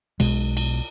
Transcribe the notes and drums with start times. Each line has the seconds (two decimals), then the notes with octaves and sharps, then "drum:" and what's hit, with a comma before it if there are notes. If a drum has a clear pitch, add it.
0.20 B1 B2 G#3, drum: cymbal
0.57 drum: cymbal